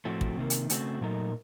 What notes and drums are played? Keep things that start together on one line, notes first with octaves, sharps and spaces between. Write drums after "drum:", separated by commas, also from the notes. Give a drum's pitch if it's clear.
A2 F3 A3 C4 F#4
drum: kick
C3 D#3 A#3
drum: hi-hat
C#3 A3 C4 F#4, drum: hi-hat
A#2 F#3 A3 D#4 A#4